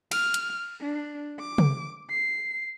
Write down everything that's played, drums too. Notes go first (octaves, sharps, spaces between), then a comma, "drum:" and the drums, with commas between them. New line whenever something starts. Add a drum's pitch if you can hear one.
F6, drum: cymbal
drum: hi-hat
D4
D6
drum: tom C3
C7